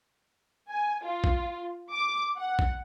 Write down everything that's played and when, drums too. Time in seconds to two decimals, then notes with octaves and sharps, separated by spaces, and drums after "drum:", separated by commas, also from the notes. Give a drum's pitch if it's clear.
0.69 G#5
1.04 F4
1.24 drum: kick A#1
1.91 D6
2.38 F#5
2.59 drum: kick A#1